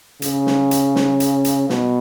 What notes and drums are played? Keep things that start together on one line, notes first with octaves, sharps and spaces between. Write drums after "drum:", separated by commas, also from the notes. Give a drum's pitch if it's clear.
C#3, drum: hi-hat
drum: snare
drum: hi-hat
drum: snare
drum: hi-hat
drum: hi-hat
B2, drum: snare